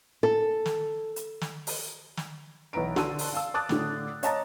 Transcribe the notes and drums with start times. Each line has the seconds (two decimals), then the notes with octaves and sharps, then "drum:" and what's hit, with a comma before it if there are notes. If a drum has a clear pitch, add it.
0.23 A4
0.66 drum: snare
1.16 drum: hi-hat
1.41 drum: snare
1.67 drum: open hi-hat
2.17 drum: snare
2.73 B1 E3 B4 A#5 D7
2.96 D3 F#4 A5 C6 E6 D#7, drum: snare
3.19 drum: open hi-hat
3.33 F5 A5 E6
3.54 A5 D6 D#6 F#6 A6
3.69 A2 D3, drum: snare
4.23 C#5 D#5 A5 A#5 A6, drum: hi-hat